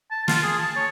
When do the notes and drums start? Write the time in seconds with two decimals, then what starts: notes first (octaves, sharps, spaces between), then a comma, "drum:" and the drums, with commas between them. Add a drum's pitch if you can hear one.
0.11 A5
0.28 F4, drum: snare
0.43 G#4
0.59 A5
0.76 C#5